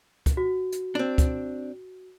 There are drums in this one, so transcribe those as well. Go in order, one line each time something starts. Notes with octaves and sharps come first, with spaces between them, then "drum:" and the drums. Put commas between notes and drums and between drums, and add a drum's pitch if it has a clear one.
drum: kick, hi-hat
F#4
drum: hi-hat
C4 D4
drum: kick, hi-hat